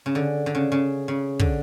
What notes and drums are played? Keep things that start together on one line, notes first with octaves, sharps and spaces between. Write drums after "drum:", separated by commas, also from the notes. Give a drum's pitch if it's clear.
C#3
D3
D3
C#3
C#3
C#3
D3, drum: kick